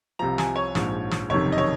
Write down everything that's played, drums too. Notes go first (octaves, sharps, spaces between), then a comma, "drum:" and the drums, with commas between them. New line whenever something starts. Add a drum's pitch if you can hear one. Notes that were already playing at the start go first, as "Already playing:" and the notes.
C2 C3 F3 A#5
G#5, drum: snare
C#5
A#1 G#2 F3, drum: snare
drum: snare
F#1 F2 C3 D#3 C#5
D#5
C#5